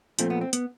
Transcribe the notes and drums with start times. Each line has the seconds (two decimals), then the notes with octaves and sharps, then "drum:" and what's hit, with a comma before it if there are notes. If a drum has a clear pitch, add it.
0.19 A#2 F3 A3 C4, drum: hi-hat
0.30 B3
0.41 C4
0.53 B3, drum: hi-hat